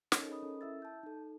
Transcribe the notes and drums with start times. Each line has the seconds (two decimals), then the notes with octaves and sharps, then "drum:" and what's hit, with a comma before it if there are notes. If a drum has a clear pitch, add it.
0.12 C#4 D#4 A4 A#4 C#5 D#5, drum: snare
0.28 G#4 A#4 C5 D#5 B5 D#6
0.42 C#4 A4 A#4
0.61 E4 E5 E6 A6
0.82 A5 G6
1.03 D#4 A4